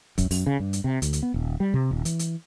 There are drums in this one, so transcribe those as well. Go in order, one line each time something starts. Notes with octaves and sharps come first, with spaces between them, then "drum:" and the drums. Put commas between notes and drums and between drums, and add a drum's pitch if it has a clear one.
F#2, drum: kick, hi-hat
F#2, drum: open hi-hat
C#3
G2
drum: hi-hat
C3
D2, drum: hi-hat
drum: hi-hat
B3
D#1
G3
C3
D#1
E3, drum: hi-hat
drum: hi-hat